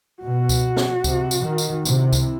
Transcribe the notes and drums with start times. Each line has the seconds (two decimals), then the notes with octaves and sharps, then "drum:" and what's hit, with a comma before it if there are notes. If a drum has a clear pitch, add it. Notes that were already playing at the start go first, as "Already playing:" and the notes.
0.22 B2 F#4
0.49 drum: kick C#2, tambourine
0.77 drum: snare
1.04 C3, drum: kick C#2, tambourine
1.31 drum: tambourine
1.44 D#3
1.58 drum: tambourine
1.85 C3 E4, drum: tambourine
2.13 drum: kick C#2, tambourine